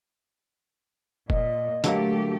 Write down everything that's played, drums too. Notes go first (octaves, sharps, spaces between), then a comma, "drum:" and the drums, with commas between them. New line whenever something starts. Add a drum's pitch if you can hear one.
A#2 D#5, drum: kick
D3 F#3 A3 A#3 G4, drum: hi-hat